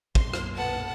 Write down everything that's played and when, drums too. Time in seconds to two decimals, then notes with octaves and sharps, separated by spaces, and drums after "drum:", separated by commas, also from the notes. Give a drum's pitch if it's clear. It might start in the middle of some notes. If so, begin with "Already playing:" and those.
0.15 B1 F#2 A#2 C6, drum: kick
0.34 drum: rim click
0.55 B3 A4 F#5 A5